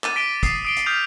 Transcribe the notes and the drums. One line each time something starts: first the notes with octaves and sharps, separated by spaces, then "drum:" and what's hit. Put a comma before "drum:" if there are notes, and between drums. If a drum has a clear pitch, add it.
D6 A6 D#7, drum: clap
D6 B6 D7 D#7 G7
D#6 C7, drum: kick, hi-hat
D#6 D7 G7
drum: hi-hat
D#6 F6 G6 B6 F7